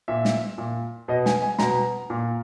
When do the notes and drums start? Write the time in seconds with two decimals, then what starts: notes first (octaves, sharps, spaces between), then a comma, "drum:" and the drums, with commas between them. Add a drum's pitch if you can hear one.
0.08 A#2 E5
0.25 drum: snare
0.58 A#2
1.08 B2 D#5
1.26 G#5, drum: snare
1.42 G#5
1.59 B2 A#5, drum: snare
2.10 A#2